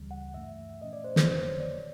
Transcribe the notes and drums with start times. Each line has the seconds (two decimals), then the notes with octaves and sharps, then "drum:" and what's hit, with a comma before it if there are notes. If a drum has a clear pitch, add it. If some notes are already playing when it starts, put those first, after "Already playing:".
Already playing: D2 C#3 E3 G3
0.11 F#5
0.34 G2 E3 A3 E5
0.81 A#2 F3 A3 C#4 D#5
0.93 D5
1.04 C5
1.16 B4, drum: snare
1.28 F2 D3 F#3 A#3 C5
1.43 C#5
1.60 D5
1.76 B2 F#3